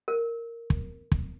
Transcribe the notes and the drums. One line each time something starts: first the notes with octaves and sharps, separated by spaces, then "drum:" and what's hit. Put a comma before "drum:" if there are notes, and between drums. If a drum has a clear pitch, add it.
A#4
drum: kick
drum: kick